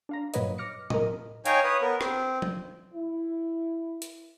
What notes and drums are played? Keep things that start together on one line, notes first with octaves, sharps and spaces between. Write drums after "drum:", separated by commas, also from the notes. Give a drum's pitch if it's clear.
D4 F5 A#5
G2 A#2 F#3 B4 C#5 D#5, drum: hi-hat
D6 F6 A#6 C#7
A#4 D#5, drum: tom
D#4 C#5 F5 G5 G#5 A#5, drum: hi-hat
B4 C#5 D#6
B3 A#4
C4, drum: rim click
drum: tom F3
E4
drum: hi-hat